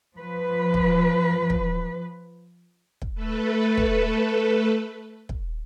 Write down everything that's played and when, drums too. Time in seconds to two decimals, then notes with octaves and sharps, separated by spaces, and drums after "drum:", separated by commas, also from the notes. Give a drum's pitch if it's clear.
0.17 F3 B4
0.74 drum: kick
1.50 drum: kick
3.02 drum: kick
3.14 A3 A4 B4
3.77 drum: kick
5.29 drum: kick